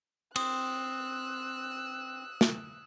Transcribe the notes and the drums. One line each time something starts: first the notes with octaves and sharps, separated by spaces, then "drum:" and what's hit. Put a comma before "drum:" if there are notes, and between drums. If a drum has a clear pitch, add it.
C4 D#6 E6 F#6, drum: cymbal
drum: snare